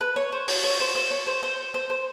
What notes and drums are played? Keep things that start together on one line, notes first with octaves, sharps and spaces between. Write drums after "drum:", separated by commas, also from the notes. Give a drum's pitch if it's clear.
B4
C#5
C5
C#5, drum: open hi-hat
C#5
C5
C5
C#5
C5
C5
C5
C5